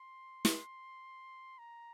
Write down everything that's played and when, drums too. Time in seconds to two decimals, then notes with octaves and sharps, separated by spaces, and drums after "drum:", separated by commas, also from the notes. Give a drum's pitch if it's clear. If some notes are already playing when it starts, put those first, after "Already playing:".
Already playing: C6
0.45 drum: snare
1.59 A#5